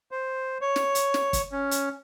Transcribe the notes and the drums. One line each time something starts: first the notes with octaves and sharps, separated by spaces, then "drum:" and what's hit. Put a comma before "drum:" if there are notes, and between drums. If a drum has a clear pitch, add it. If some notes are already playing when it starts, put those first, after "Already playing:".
C5
C#5
drum: snare
drum: hi-hat
drum: snare
drum: kick, hi-hat
C#4
drum: hi-hat